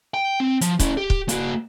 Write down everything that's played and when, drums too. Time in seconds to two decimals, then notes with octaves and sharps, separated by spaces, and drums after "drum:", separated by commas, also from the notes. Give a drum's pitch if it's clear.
0.14 G5
0.40 C4
0.61 F3, drum: hi-hat
0.79 C#4 E4, drum: kick C#1, hi-hat
0.97 G4
1.10 drum: kick C#1
1.29 A#3 F#4, drum: hi-hat